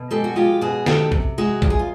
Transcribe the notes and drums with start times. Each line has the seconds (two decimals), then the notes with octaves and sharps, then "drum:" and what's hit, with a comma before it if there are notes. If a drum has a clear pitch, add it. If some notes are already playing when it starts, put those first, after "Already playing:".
Already playing: B2
0.11 G#3 G4 A4
0.24 F#4
0.36 G#3 F4 G4
0.61 B2 F#4 G#4
0.86 D#3 G4 A4, drum: snare
1.12 C3, drum: kick
1.38 G#3 F#4 G#4
1.62 E2 G4, drum: kick
1.70 G#4
1.79 F4